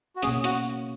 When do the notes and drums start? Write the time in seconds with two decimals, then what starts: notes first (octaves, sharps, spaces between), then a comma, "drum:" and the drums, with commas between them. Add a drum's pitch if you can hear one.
0.16 F#4
0.22 B2 A#3 C#4 G#4, drum: hi-hat
0.44 F#4, drum: hi-hat